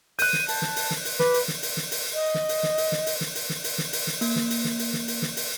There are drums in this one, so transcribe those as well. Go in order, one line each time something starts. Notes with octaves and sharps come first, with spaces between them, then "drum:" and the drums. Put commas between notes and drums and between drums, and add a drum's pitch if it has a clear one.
F#6 G6 D#7, drum: open hi-hat
drum: snare
A5, drum: open hi-hat
drum: snare
drum: open hi-hat
drum: snare
drum: open hi-hat
B4 D6, drum: snare
drum: open hi-hat
drum: snare
drum: open hi-hat
drum: snare
drum: open hi-hat
D#5
drum: snare
drum: open hi-hat
drum: snare
drum: open hi-hat
drum: snare
drum: open hi-hat
drum: snare
drum: open hi-hat
drum: snare
drum: open hi-hat
drum: snare
drum: open hi-hat
drum: snare
A#3, drum: open hi-hat
drum: snare
drum: open hi-hat
drum: snare
drum: open hi-hat
drum: snare
drum: open hi-hat
drum: snare
drum: open hi-hat